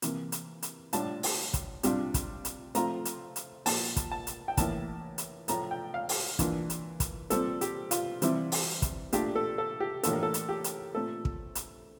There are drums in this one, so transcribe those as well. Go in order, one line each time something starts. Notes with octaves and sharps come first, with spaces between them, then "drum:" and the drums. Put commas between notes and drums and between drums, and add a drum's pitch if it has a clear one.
C3 E3 A#3, drum: hi-hat
drum: hi-hat
drum: hi-hat
A2 G3 D4 F4 A5, drum: hi-hat
drum: open hi-hat
drum: kick, hi-hat
C3 G3 D4 F4, drum: hi-hat
drum: kick, hi-hat
drum: hi-hat
F3 A3 C4 F4 A#5, drum: hi-hat
drum: hi-hat
drum: hi-hat
A#2 F3 A#3 A5, drum: open hi-hat
drum: kick, hi-hat
A5
drum: hi-hat
G5
A2 E3 A#3 E4 A5, drum: kick, hi-hat
drum: hi-hat
A2 F3 A3 A#5, drum: hi-hat
G5
F5
drum: open hi-hat
E3 A#3 D4 F4, drum: kick, hi-hat
drum: hi-hat
drum: kick, hi-hat
A#2 G3 C4 A4, drum: hi-hat
G4, drum: hi-hat
F4, drum: hi-hat
C3 E3 G3 C4 E4, drum: hi-hat
drum: open hi-hat
drum: kick, hi-hat
A#2 A3 D4 F4 G4, drum: hi-hat
A4
A4
G4
A2 E3 A#3 D4 F4 A4, drum: hi-hat
A#4
A4
drum: hi-hat
G4
drum: hi-hat
A#2 A3 C4 A4
drum: kick
drum: hi-hat